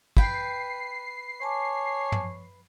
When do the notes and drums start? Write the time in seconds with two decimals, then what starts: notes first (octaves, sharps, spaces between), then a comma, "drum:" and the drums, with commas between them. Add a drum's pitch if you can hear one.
0.17 B4 G5 C7, drum: kick
1.42 C#5 G#5 A5 D6
2.12 drum: tom